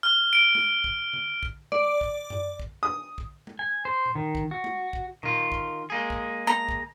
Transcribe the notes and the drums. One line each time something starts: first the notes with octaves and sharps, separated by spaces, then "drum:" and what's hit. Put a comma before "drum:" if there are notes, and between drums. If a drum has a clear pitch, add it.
F6
D7
drum: tom G#3
drum: kick
drum: tom C#3
drum: kick
D5, drum: tom G#3
drum: kick
drum: tom F#2
drum: kick
D#6
drum: kick
drum: tom G#3
G#5
C5
drum: tom A#2
D#3
drum: kick
F#4
drum: tom G#3
drum: kick
D#3 F4, drum: tom A#2
drum: kick
G#3 A#3 G#4
drum: kick
A#5
drum: kick